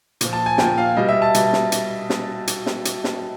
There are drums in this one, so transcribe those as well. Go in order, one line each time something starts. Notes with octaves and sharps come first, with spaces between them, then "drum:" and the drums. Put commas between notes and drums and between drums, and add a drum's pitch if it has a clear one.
A#2 F3, drum: hi-hat
A5
G#5
A#2 F3 G5, drum: snare
F5
B2 G3 D#5
E5
A5
B2 G3, drum: hi-hat
drum: snare
drum: hi-hat
drum: snare
drum: hi-hat
drum: snare
drum: hi-hat
drum: snare